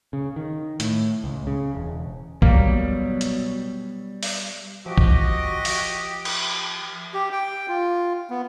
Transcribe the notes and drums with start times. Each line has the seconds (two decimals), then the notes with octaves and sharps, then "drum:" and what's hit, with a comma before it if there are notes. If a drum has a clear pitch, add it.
0.13 C#3
0.36 D#3
0.80 A2, drum: hi-hat
1.24 C#2
1.47 C#3
1.75 E1
2.42 B2 F#3 G3 A#3, drum: kick
3.21 drum: hi-hat
4.23 drum: open hi-hat
4.86 F3 F#4 G4 D#5
4.98 drum: kick
5.65 drum: open hi-hat
6.25 drum: cymbal
7.14 G4
7.32 G5
7.68 F4
8.30 B3